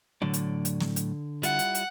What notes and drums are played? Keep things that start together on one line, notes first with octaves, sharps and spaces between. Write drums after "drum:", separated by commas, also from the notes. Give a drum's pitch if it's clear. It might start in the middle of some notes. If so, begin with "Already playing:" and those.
A2 D3 F#3 D5
drum: hi-hat
drum: hi-hat
drum: snare
drum: hi-hat
G3 E4 F4 F#5, drum: hi-hat
drum: hi-hat
drum: hi-hat